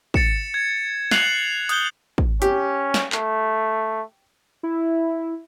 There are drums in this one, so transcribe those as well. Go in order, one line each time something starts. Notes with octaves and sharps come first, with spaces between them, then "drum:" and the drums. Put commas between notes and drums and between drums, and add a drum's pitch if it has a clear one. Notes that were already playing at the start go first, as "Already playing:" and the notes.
A6 C#7 E7, drum: kick
G#6
F#6 C7 F7 F#7, drum: snare
D#6 F#6 G6 G7, drum: hi-hat
drum: kick
C#4 G4, drum: hi-hat
drum: snare
A3, drum: clap
E4